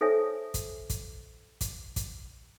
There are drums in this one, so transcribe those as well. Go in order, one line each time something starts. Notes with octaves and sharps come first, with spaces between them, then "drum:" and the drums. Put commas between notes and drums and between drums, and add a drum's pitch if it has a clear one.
D#4 A4 C5 C#5 E5 G#5
drum: kick, hi-hat
drum: kick, hi-hat
drum: kick, hi-hat
drum: kick, hi-hat